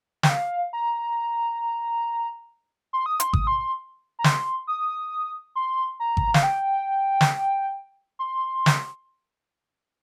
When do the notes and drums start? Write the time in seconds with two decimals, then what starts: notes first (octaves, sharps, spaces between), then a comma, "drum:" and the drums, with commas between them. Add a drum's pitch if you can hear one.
0.23 G5, drum: snare
0.29 F5
0.73 A#5
2.93 C6
3.06 D#6
3.20 C6, drum: hi-hat
3.33 D#6, drum: kick G#1
3.47 C6
4.19 A#5
4.24 C6, drum: snare
4.67 D#6
5.55 C6
6.00 A#5
6.17 drum: kick G#1
6.34 F5, drum: snare
6.43 G5
7.21 drum: snare
8.19 C6
8.66 drum: snare